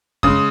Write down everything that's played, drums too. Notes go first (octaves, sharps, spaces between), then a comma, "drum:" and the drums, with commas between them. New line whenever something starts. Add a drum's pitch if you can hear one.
C#3 G#3 D#6, drum: kick F#2